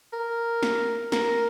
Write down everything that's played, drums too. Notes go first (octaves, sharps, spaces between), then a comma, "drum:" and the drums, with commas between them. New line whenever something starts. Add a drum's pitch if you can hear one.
A#4
drum: snare
A#4, drum: snare